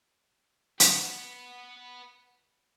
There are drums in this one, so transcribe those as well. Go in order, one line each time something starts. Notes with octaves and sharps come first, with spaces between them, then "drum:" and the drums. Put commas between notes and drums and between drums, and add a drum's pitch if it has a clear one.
B4 F#5, drum: hi-hat